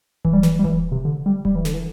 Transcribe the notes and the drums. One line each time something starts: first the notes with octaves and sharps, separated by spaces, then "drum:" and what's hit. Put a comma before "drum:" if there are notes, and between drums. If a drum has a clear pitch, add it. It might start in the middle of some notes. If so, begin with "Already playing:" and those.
E3, drum: kick D#1
G3
E3, drum: snare
G3
E3, drum: kick D#1
C3
D3
G3
G3, drum: kick D#1
E3
D3, drum: snare
E3